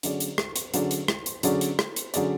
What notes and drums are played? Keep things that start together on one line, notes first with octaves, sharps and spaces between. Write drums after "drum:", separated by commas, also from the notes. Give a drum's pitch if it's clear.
D3 F#3 C#4 G#4 D5, drum: hi-hat
drum: hi-hat
drum: rim click
drum: hi-hat
D3 F#3 C#4 G#4 D5, drum: hi-hat
drum: hi-hat
drum: rim click
drum: hi-hat
D3 F#3 C#4 G#4 D5, drum: hi-hat
drum: hi-hat
drum: rim click
drum: hi-hat
D3 F#3 C#4 G#4 D5, drum: hi-hat